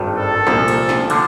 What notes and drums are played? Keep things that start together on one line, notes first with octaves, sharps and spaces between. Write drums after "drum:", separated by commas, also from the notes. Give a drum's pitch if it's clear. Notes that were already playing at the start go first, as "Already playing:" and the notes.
Already playing: G#1 G2 D#3
A4
C2 A#2 F3, drum: snare
drum: cymbal
drum: snare
D3 F3, drum: cymbal